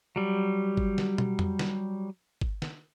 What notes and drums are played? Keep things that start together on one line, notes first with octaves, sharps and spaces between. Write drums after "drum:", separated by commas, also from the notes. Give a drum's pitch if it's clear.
F#3 G3
drum: kick G1
drum: snare
drum: tom
drum: tom F2
drum: snare
drum: kick G1
drum: snare